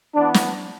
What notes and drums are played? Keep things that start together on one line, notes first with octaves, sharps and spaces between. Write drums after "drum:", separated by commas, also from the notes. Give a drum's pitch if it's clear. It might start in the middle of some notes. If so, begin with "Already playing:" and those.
E3 B3 D4
drum: snare